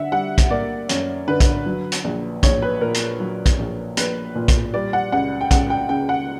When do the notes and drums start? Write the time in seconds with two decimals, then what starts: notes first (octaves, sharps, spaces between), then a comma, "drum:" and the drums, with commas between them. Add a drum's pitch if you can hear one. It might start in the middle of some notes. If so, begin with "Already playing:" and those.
Already playing: D3 E5 F#5
0.12 G3 F#5
0.38 drum: kick, hi-hat
0.50 A#3 D5
0.89 F#2 C#5, drum: hi-hat
1.28 D3 B4
1.40 drum: kick, hi-hat
1.66 F#3
1.92 drum: hi-hat
2.04 A#1
2.43 A#1 C#5, drum: kick, hi-hat
2.62 B4
2.81 A#2 A#4
2.94 drum: hi-hat
3.20 F#3
3.46 drum: kick, hi-hat
3.59 A#1
3.97 A#1 B4, drum: hi-hat
4.36 A#2
4.48 drum: kick, hi-hat
4.74 G3 D5
4.93 F#5
5.12 C#2 F#5
5.41 G5
5.51 C#2 F#5, drum: kick, hi-hat
5.70 G5
5.89 C#3 G5
6.09 F#5